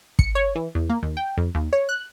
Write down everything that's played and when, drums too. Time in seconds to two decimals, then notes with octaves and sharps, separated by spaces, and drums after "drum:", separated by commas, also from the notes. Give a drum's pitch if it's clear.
0.19 C#7, drum: kick
0.35 C#5
0.55 E3
0.75 E2
0.90 A#3
1.03 D#2
1.17 G5
1.37 F2
1.55 D#2
1.73 C#5
1.89 F#6